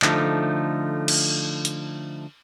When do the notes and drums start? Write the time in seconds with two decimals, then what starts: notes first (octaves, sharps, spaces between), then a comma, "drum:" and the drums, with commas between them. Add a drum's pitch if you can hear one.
0.02 D3 F3 A3 D#4, drum: clap
1.08 drum: cymbal
1.65 drum: hi-hat